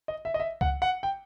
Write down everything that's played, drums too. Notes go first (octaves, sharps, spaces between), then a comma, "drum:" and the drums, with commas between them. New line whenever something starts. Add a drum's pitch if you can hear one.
D#5
E5
D#5
E5
F#5, drum: kick C#2
F#5
G5